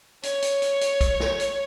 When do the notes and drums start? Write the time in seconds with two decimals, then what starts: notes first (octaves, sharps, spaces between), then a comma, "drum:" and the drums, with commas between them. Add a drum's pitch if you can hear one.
0.23 C#5, drum: hi-hat
0.42 drum: hi-hat
0.62 drum: hi-hat
0.81 drum: hi-hat
1.01 drum: kick, hi-hat
1.20 drum: snare
1.40 drum: hi-hat